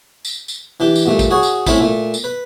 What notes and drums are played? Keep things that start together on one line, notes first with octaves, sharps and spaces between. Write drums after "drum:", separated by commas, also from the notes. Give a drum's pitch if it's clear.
drum: tambourine
drum: tambourine
E3 D4 G4
drum: tambourine
G2 A#2 A3
drum: kick, tambourine
F#4 G#4 C#5
drum: tambourine
A2 C4 C#4 E4 A4 B5, drum: kick, tambourine
A#2 A3
drum: tambourine
B4